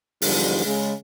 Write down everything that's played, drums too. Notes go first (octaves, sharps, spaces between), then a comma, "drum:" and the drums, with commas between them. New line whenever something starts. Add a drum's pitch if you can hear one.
E2 G#2 D3 F3 G3, drum: open hi-hat
C#3 G#3 G#4